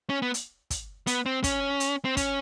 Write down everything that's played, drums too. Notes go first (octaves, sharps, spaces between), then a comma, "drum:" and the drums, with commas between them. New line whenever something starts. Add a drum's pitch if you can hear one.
C#4
B3
drum: hi-hat
drum: kick, hi-hat
B3, drum: hi-hat
C4
C#4, drum: kick, hi-hat
drum: hi-hat
C4
C#4, drum: kick, hi-hat